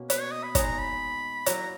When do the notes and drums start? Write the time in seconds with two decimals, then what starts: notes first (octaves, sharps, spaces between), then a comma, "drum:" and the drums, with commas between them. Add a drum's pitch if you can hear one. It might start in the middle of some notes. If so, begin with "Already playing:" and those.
Already playing: B2 A#3 C#4
0.10 B4, drum: hi-hat
0.21 C#5
0.32 D#5
0.43 B5
0.55 G#3 D#4 G#4 A#5, drum: kick, hi-hat
0.78 B5
1.46 F#3 A#3 E4 A#5, drum: hi-hat